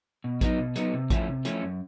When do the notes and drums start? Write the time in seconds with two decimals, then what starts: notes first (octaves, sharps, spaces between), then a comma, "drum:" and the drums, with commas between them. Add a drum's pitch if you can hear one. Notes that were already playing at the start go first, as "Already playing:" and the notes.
0.24 B2
0.41 F#3 B3 D#4, drum: kick A1, hi-hat
0.59 B2
0.76 F#3 B3 D#4, drum: hi-hat
0.94 C3
1.10 F3 A3 C#4 E4, drum: kick A1, hi-hat
1.28 C3
1.45 F3 A3 C#4 E4, drum: hi-hat
1.62 F#2